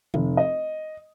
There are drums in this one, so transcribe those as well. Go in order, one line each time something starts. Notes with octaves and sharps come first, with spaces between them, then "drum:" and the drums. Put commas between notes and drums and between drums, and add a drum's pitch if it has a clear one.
F1, drum: tom D3
D#5